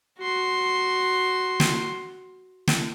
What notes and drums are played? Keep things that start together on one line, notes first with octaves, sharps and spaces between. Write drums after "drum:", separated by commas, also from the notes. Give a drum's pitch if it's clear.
F#4 C6
drum: snare
drum: snare